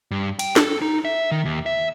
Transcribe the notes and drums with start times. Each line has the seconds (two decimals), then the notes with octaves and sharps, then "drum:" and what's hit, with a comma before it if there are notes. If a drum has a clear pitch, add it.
0.11 G2
0.39 G5, drum: cymbal
0.56 A4, drum: snare
0.82 D#4
1.05 E5
1.31 D#3
1.45 D#2
1.66 E5